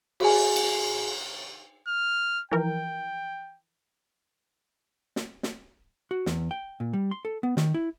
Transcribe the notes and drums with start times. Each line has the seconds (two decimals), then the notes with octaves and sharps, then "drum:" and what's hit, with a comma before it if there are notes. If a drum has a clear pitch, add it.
0.20 F#4 G#4 G#5, drum: cymbal
0.56 drum: cymbal
1.88 F6
2.51 E3 F3 A#4 G5
5.16 drum: snare
5.43 drum: snare
6.11 F#4
6.26 E2, drum: snare
6.51 G5
6.80 A#2
6.93 G3
7.11 C6
7.25 A4
7.43 B3
7.57 D#3, drum: snare
7.74 E4